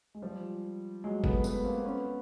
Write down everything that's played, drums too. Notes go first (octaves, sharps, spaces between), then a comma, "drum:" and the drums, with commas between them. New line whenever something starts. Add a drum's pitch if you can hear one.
G#3
F3 G3
F#3 G#3
A3 B3, drum: kick F#1
A3 B3, drum: tambourine
A#3 C4
B3 C#4